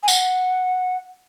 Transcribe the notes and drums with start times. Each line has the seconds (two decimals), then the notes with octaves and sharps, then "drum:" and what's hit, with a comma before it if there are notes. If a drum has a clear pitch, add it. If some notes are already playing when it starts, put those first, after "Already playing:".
0.03 G#5
0.08 F#5, drum: tambourine